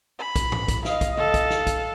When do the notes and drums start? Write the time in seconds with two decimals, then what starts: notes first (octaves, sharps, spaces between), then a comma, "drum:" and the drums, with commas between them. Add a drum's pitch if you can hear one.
0.19 B5
0.36 drum: kick, hi-hat
0.52 drum: tom G#2
0.68 drum: kick, hi-hat
0.85 D#5 F5, drum: snare
1.01 drum: kick, hi-hat
1.17 A4 F5, drum: tom C#3
1.34 drum: kick, hi-hat
1.50 drum: snare
1.67 drum: kick, hi-hat